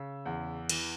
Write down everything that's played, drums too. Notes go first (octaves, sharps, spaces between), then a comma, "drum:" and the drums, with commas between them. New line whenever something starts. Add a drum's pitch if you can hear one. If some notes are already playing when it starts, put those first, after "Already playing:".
Already playing: C#3 E6
E2
E3, drum: cymbal